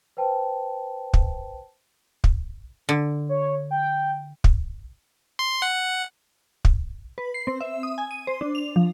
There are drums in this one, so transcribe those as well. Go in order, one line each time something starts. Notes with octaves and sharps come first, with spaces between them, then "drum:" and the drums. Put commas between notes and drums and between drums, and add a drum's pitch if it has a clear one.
B4 C5 G5 A5
drum: kick
drum: kick
D3
C#5
G5
drum: kick
C6
F#5
drum: kick
B4
C7
C4
E5
D#6
G#5
D#7
C5
D4
F7
F3